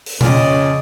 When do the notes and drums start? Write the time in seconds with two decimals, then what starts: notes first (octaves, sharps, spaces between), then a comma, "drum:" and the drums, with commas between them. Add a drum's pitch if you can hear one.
0.06 drum: open hi-hat
0.21 F2 A#2 C#3 C#4 D5 D#5, drum: tom B2